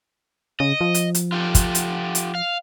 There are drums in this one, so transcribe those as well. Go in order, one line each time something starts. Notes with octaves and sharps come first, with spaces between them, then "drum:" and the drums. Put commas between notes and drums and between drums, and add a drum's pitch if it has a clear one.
C#3 D#5
F3
drum: hi-hat
drum: hi-hat
F4 G4 A4
drum: kick, hi-hat
drum: hi-hat
drum: hi-hat
F5